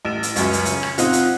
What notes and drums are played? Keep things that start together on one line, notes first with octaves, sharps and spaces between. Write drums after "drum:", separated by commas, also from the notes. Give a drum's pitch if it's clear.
A1 E7
drum: hi-hat
C#2 F#2 C#4, drum: hi-hat
drum: hi-hat
C#3, drum: hi-hat
drum: rim click
C4 D#4 F4 F#5, drum: hi-hat
drum: hi-hat